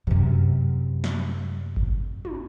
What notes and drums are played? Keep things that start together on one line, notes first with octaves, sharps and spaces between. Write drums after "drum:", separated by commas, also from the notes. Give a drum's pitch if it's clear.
F#2 C3, drum: tom
drum: snare
drum: kick G1
drum: tom